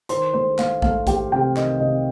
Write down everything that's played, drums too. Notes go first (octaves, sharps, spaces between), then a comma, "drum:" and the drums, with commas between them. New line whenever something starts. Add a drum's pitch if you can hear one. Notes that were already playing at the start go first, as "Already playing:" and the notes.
D#3 C5 C6, drum: hi-hat
A3 C5 C6
A3 F5, drum: clap
A3 F5, drum: kick A1
A3 G4 G5, drum: kick A1, hi-hat
C3 G4 G5
D#3 D#5, drum: clap
C3 D#5